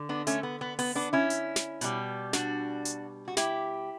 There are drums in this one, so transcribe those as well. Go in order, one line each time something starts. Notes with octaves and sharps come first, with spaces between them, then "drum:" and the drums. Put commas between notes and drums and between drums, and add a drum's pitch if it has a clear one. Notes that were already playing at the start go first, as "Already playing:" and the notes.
Already playing: D3
B3 D4
A3 C#4, drum: hi-hat
B3
B3
B3, drum: open hi-hat
B3 D4
C#4 E4
drum: hi-hat
drum: snare
B2 G3, drum: hi-hat
D4 F#4, drum: snare
drum: hi-hat
F#4
E4 G4, drum: snare